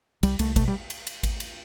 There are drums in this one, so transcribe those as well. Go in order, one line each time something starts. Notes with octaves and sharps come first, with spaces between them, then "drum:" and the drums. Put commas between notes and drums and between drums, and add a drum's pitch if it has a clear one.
C2 G3, drum: cymbal
C2 A3, drum: cymbal
B2 A3, drum: kick G#1, cymbal
G3
drum: cymbal
drum: cymbal
drum: kick G#1, cymbal
drum: cymbal